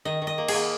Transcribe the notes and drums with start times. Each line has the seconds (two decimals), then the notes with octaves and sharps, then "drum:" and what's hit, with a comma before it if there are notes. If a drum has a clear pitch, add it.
0.05 D#3 D#5
0.22 D#3
0.27 D#5
0.38 A#3
0.48 G#4, drum: cymbal
0.54 A#3